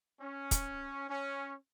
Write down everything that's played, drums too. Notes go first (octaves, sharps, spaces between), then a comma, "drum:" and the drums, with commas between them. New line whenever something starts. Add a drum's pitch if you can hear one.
C#4
drum: kick, hi-hat
C#4